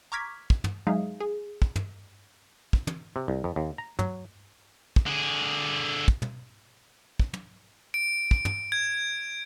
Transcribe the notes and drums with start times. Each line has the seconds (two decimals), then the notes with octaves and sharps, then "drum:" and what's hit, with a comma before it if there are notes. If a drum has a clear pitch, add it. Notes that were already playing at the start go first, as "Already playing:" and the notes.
0.12 A#5 C#6 D6 F6 G#6 B6
0.50 drum: kick
0.64 drum: tom
0.87 F#3 G#3 D#4 G#4 E5 F5
1.20 G#4
1.62 drum: kick
1.76 drum: tom
2.73 drum: kick
2.87 drum: tom
3.16 C3
3.28 C2
3.44 F2
3.56 D#2
3.78 A#5
3.99 F#3, drum: tom
4.96 drum: kick
5.06 D3 G#4
6.08 drum: kick
6.22 drum: tom
7.20 drum: kick
7.33 drum: tom
7.94 D7
8.31 drum: kick
8.45 drum: tom
8.72 G#6